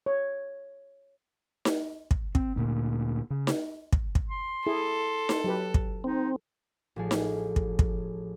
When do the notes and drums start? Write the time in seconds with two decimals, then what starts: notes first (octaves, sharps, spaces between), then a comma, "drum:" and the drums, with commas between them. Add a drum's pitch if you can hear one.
0.06 C#5
1.65 drum: snare D#4
2.11 drum: kick
2.35 C4, drum: kick
2.56 D2 A#2
3.30 C#3
3.47 drum: snare D#4
3.93 drum: kick
4.15 drum: kick
4.29 C6
4.66 E4 G#4 A4
5.29 drum: snare D#4
5.44 F#3 G4 B4
5.74 drum: kick
6.04 C4 D#4
6.96 A1 F3 G#4
7.11 drum: snare D#4
7.56 drum: kick
7.79 drum: kick